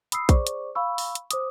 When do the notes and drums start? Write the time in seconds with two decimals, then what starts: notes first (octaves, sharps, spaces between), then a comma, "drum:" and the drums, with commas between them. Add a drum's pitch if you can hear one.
0.12 B5 D#6 E6 C7, drum: hi-hat
0.29 G#4 C5 D5 C#6 D6, drum: kick, hi-hat
0.47 drum: hi-hat
0.75 F5 B5 C#6 E6
0.98 drum: open hi-hat
1.15 drum: hi-hat
1.31 C5 D6 D#6, drum: hi-hat